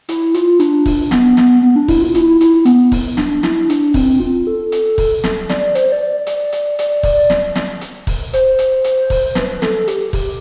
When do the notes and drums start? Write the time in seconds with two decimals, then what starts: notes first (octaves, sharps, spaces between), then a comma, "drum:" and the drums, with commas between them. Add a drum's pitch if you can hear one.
0.09 E4, drum: hi-hat
0.34 F4, drum: hi-hat
0.60 D4, drum: hi-hat
0.86 drum: kick, open hi-hat
1.11 B3, drum: snare
1.37 drum: snare
1.63 B3
1.76 D4
1.88 E4, drum: kick, open hi-hat
2.01 F4
2.15 E4, drum: hi-hat
2.41 E4, drum: hi-hat
2.65 B3, drum: hi-hat
2.92 drum: kick, open hi-hat
3.17 D4, drum: snare
3.43 E4, drum: snare
3.70 D4, drum: hi-hat
3.94 C4, drum: kick, open hi-hat
4.20 F4
4.47 A4
4.72 drum: hi-hat
4.98 drum: kick, open hi-hat
5.24 drum: snare
5.49 D5, drum: snare
5.75 C5, drum: hi-hat
5.92 D5
6.10 D5
6.27 D5, drum: hi-hat
6.52 drum: hi-hat
6.79 D5, drum: hi-hat
7.03 D5, drum: kick, open hi-hat
7.30 drum: snare
7.55 drum: snare
7.81 drum: hi-hat
8.07 drum: kick, open hi-hat
8.33 C5, drum: hi-hat
8.59 drum: hi-hat
8.84 drum: hi-hat
9.10 drum: kick, open hi-hat
9.35 B4, drum: snare
9.62 A4, drum: snare
9.87 G4, drum: hi-hat
10.13 G4, drum: kick, open hi-hat